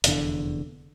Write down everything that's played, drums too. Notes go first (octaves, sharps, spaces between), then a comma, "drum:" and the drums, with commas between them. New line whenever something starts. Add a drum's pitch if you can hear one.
F1 E2 D3, drum: hi-hat